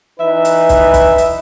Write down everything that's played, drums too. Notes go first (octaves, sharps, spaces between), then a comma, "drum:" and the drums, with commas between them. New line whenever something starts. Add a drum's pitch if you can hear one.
E3 D#4 B4 E5
drum: hi-hat
drum: kick, hi-hat
drum: kick, hi-hat
drum: hi-hat